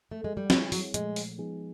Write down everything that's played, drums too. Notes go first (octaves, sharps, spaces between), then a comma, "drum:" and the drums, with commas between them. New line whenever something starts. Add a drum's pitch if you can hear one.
A3
G#3
G3
F#3 G3 C4 E4 G#4 C#5, drum: snare
F#3, drum: open hi-hat
A#2 F3 G#3 A3, drum: hi-hat
drum: open hi-hat
F3 G#3 B3 D#4 G#4